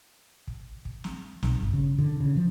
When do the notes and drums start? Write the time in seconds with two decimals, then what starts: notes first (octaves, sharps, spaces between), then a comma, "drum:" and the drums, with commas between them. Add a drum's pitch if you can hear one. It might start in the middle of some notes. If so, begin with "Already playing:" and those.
0.47 drum: kick
0.85 drum: kick
1.04 drum: snare
1.43 B1, drum: snare
1.61 G1
1.73 C#3
1.99 D3, drum: kick
2.20 C#3
2.36 F3